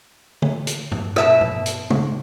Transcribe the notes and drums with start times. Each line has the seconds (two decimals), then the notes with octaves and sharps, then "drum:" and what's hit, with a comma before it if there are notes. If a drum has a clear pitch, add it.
0.42 drum: tom D3
0.67 drum: hi-hat
0.92 drum: tom G2
1.16 B2 E5 A5, drum: rim click
1.41 drum: tom G2
1.66 drum: hi-hat
1.90 drum: tom